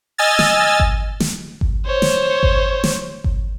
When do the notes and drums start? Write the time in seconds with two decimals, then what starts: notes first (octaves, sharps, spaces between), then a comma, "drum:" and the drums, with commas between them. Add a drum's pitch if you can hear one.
0.18 D#5 G#5 E6 F6 A6
0.39 drum: snare
0.80 drum: kick G1
1.20 drum: snare
1.61 drum: kick G1
1.86 C5 C#5
2.02 drum: snare
2.43 drum: kick G1
2.84 drum: snare
3.24 drum: kick G1